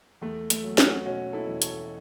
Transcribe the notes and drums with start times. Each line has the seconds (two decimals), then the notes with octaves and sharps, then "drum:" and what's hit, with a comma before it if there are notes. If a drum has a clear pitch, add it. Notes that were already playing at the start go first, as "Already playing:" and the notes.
0.21 E2 A3
0.50 A3, drum: hi-hat
0.64 F#3
0.78 C#4 F#4, drum: snare
1.05 B2 C#4 F#4
1.33 E4 A4
1.48 E1
1.62 A4 C#5, drum: hi-hat